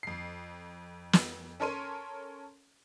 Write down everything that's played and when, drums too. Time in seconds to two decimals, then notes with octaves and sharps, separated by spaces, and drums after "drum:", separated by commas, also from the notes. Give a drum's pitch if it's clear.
0.03 F2 C7
1.13 drum: snare
1.60 C#4 A4 A#4 C#5 C6 D#7